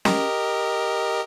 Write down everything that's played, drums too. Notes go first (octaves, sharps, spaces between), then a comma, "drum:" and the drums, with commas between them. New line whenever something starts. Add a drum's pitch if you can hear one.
G4 A#4 D#5, drum: snare C#4